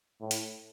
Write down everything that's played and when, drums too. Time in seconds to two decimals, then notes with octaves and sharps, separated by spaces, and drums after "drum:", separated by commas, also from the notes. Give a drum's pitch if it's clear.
0.21 A2
0.31 drum: hi-hat